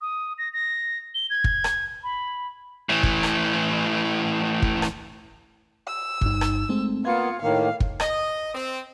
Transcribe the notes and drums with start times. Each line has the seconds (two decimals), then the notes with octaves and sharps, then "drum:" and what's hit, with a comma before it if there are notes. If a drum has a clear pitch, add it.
0.01 D#6
0.38 A#6
0.53 A#6
1.14 G7
1.30 G#6
1.44 drum: kick
1.64 drum: rim click
2.03 B5
2.89 A2 E3
3.03 drum: kick
3.23 drum: rim click
4.62 drum: kick
4.82 drum: rim click
5.88 E6
6.21 G1 G2 D#4, drum: kick
6.41 drum: rim click
6.69 G#3 A3 C4
7.05 A#3 B3 F4 G#6 C#7
7.42 A2 D#3 A#3 F5
7.80 drum: kick
8.00 D#5, drum: rim click
8.54 C4